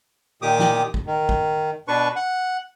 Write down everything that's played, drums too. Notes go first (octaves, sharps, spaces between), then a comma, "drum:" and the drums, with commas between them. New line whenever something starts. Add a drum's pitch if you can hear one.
A#2 D#3 G4 D6 D#6
drum: snare
drum: kick
D#3
drum: kick
B2 D4 B4 C#6
F#5